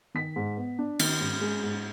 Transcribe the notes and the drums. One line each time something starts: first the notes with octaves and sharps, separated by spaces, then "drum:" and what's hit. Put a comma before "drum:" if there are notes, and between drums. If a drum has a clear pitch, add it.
D#3 B6
G#2
B3
D4
D#3, drum: cymbal
G#2
G#3
G#2